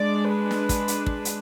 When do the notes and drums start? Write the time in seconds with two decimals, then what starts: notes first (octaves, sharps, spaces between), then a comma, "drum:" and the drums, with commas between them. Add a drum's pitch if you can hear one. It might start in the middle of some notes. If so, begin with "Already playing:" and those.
Already playing: G#3 D4 D5
0.32 B4
0.51 drum: snare
0.69 drum: kick, hi-hat
0.88 drum: hi-hat
1.06 drum: kick
1.25 drum: hi-hat